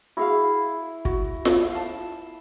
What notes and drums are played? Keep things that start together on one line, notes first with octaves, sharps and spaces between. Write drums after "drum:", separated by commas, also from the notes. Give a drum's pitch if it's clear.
E4 F#4 G#4 F5
F#4, drum: kick
drum: snare F4
F5 A5